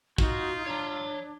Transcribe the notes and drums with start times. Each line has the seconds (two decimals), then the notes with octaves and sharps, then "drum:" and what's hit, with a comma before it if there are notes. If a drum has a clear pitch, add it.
0.18 D#4 F4 F#4, drum: kick
0.66 D4 C#5 A#5